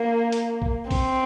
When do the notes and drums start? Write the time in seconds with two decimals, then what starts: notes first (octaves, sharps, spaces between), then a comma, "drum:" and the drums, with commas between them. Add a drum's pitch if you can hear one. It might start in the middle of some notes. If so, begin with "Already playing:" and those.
Already playing: A#3
0.32 drum: hi-hat
0.62 drum: kick A#1
0.91 C4, drum: kick A#1, open hi-hat